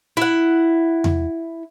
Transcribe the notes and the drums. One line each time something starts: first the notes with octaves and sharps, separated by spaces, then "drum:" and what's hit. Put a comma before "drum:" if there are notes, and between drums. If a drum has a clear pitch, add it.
E4 F#5
drum: tom E2